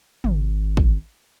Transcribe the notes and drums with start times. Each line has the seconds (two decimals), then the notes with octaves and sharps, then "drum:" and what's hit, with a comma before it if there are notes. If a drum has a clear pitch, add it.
0.24 G#1, drum: tom
0.77 drum: kick